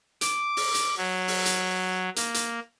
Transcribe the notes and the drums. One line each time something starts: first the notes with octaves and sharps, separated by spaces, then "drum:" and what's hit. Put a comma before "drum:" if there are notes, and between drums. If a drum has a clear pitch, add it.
D6, drum: hi-hat
drum: open hi-hat
drum: hi-hat
F#3
drum: open hi-hat
drum: hi-hat
A#3, drum: hi-hat
drum: hi-hat